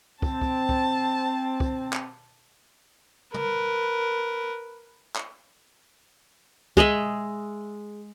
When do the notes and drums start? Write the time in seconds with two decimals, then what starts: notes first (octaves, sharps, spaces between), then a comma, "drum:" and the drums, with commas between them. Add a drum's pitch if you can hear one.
0.22 C4 A5, drum: kick
0.41 drum: kick
0.69 drum: kick
1.60 drum: kick
1.93 drum: clap
3.34 A#4 B4, drum: tom
5.16 drum: clap
6.77 G#3 G#4 D#5 E5, drum: kick